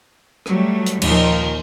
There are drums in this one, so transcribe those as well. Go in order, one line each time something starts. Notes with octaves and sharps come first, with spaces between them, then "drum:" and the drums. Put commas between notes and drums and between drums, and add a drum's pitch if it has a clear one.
F#3 G3 A3, drum: rim click
drum: hi-hat
D#2 A#2 D#3 F3 A#4, drum: cymbal